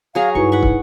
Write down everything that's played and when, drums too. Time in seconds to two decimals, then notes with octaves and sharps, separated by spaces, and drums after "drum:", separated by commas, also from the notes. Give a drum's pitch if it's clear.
0.15 F#3 G#4 F5 A#5
0.35 G2 D#4 E4 F#4 B4 C#6
0.52 F#5 B5 C#6
0.63 drum: kick